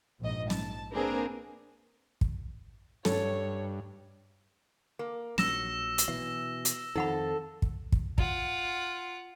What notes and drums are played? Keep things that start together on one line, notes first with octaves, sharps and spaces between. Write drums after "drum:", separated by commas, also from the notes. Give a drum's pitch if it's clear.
A#1 G#2 D#5
A5, drum: snare
A#3 C4 D4 G#4 A#4 B4
drum: kick
G2 A4 C#5, drum: snare
A#3
A#1 F#3 E6 A#6 E7, drum: snare
drum: hi-hat
B2 E3 E5
drum: hi-hat
F2 D#3 F3 D#4 A4 F#5 B5
drum: kick
drum: kick
F4 F#5, drum: kick